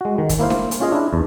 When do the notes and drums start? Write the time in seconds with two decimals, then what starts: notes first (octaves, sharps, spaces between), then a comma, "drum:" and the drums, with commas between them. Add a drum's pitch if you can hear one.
0.01 G#3 F#4
0.18 D#3
0.29 drum: kick, hi-hat
0.39 A#3 E4 C5 F5
0.50 drum: snare D4
0.71 drum: hi-hat
0.80 C#4 F4 G#4 D#5 F5
0.92 D4 E4
1.13 E2